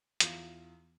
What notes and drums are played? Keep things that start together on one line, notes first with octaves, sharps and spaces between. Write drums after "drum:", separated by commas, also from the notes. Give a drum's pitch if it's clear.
E2 F4, drum: hi-hat